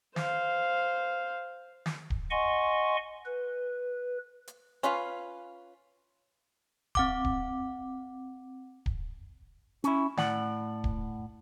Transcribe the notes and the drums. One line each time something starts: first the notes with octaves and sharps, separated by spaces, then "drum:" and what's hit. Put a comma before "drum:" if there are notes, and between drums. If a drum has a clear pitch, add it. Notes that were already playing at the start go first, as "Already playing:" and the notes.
C5 F5, drum: snare
drum: snare
drum: kick D1
D#5 F#5 G#5 C6 C#6
B4
drum: hi-hat
C#4 F4 B4 F5, drum: hi-hat
C4 F#5 D6, drum: kick D1
drum: kick D1
drum: kick D1
C#4 E4, drum: hi-hat
A2 D5 F#5, drum: snare
drum: kick D1